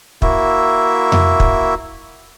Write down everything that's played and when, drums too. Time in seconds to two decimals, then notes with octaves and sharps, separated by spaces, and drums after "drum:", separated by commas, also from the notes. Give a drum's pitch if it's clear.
0.22 A#3 E4 F#4 E5, drum: kick
1.12 drum: tom F2
1.40 drum: kick